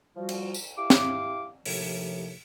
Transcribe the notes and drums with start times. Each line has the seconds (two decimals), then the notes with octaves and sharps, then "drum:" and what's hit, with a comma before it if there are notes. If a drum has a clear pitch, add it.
0.16 F3 G3 F#4
0.29 drum: cymbal
0.54 drum: tambourine
0.78 E4 G4 F5 D6
0.90 drum: snare
1.66 D#2 A2 C3 F3, drum: open hi-hat